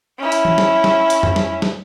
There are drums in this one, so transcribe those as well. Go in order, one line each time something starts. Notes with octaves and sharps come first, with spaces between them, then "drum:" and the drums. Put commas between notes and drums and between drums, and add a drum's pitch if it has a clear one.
C#4 E4
drum: hi-hat
drum: tom E3
drum: snare
drum: snare
drum: hi-hat
drum: tom F2
drum: snare
drum: snare